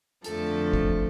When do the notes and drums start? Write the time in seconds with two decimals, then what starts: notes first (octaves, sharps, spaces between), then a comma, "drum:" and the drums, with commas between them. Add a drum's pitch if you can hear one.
0.24 F2 D3 F3 A3 A4, drum: hi-hat
0.73 drum: kick